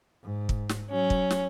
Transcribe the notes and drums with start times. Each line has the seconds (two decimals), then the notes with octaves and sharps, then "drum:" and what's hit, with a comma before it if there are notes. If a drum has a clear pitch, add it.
0.24 G#2
0.49 drum: kick
0.69 drum: snare
0.90 F#3 C#4
1.10 drum: kick
1.31 drum: snare